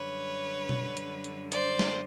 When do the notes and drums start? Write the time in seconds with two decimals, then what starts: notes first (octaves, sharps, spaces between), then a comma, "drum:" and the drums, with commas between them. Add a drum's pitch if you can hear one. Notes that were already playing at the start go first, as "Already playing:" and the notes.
Already playing: F#2 D3 G3 B4 C#5
0.69 drum: tom B2
0.97 drum: hi-hat
1.24 drum: hi-hat
1.52 C5 D5, drum: hi-hat
1.79 drum: snare